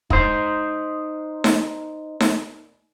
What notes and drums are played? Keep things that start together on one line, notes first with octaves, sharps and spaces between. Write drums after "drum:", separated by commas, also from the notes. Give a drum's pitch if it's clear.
D#4 C5, drum: kick
drum: snare D#4
drum: snare D#4